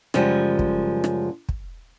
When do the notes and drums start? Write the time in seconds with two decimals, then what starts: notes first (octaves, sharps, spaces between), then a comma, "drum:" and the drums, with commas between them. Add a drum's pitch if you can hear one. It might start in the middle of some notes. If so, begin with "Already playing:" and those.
0.14 F#2 C#3 F3 G3 G#3, drum: rim click
0.59 drum: kick
1.04 drum: rim click
1.49 drum: kick